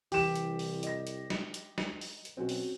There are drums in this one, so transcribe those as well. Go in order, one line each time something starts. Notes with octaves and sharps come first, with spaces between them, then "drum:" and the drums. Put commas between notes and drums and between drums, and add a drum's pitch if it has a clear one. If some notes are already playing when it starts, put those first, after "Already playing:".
C2 E3 G4 E7, drum: open hi-hat
drum: hi-hat
drum: open hi-hat
D#5 A#6, drum: hi-hat
drum: hi-hat
drum: snare
drum: hi-hat
drum: snare
drum: open hi-hat
drum: hi-hat
B1 C4 C#4 F#4
drum: open hi-hat